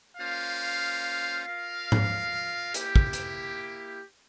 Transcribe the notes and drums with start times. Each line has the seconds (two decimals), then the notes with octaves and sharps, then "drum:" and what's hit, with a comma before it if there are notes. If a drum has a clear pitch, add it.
0.17 A#3 C#4 F4 C5 F5
1.45 F4 A#4 F5
1.92 drum: tom G#2
2.74 A#3 E4 G4, drum: hi-hat
2.96 drum: kick
3.13 drum: hi-hat